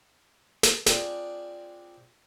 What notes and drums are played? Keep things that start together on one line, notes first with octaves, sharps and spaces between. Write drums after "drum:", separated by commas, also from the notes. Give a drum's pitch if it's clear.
drum: snare
C4 D4 F4 G#4, drum: snare